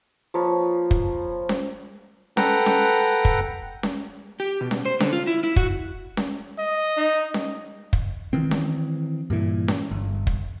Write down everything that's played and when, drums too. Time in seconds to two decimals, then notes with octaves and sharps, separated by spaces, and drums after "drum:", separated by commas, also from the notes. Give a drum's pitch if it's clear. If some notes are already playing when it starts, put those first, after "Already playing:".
0.34 F3 A#3 B4 C#5
0.91 drum: kick
1.49 drum: snare C#4
2.37 A4 B4 F#5 G5 A#5, drum: snare C#4
2.66 drum: snare C#4
3.25 drum: kick
3.83 drum: snare C#4
4.40 G4
4.61 B2
4.71 drum: snare C#4
4.85 C5
5.00 D3, drum: snare C#4
5.13 F4
5.27 E4
5.43 E4
5.56 F#4, drum: kick
6.17 drum: snare C#4
6.58 D#5
6.97 D#4
7.34 drum: snare C#4
7.93 drum: kick
8.33 D#3 E3 C4
8.51 drum: snare C#4
9.30 G2 A#2 E3
9.68 drum: snare C#4
9.91 G1
10.27 drum: kick